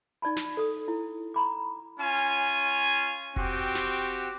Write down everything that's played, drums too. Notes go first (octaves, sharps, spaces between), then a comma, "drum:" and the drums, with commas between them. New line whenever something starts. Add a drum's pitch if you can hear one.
D#4 D5 A5 B5
drum: snare
A4 D#6
E4
A#5 B5 D6
C#4 F4 G#5
C4 F#4 G4, drum: kick F1
drum: snare